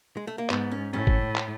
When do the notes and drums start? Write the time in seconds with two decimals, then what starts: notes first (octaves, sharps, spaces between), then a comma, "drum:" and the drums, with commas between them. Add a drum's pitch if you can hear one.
0.17 G#3
0.27 A3
0.38 A#3
0.50 G#2 B3, drum: clap
0.71 C#4
0.93 A2 C#4
1.07 drum: kick
1.36 drum: clap